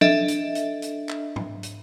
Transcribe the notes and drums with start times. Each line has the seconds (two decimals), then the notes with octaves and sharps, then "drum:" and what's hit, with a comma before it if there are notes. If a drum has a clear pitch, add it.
0.01 D4 A4 D#5 E5, drum: tom
0.28 drum: hi-hat
0.55 drum: hi-hat
0.82 drum: hi-hat
1.09 drum: clap
1.36 drum: tom
1.63 drum: hi-hat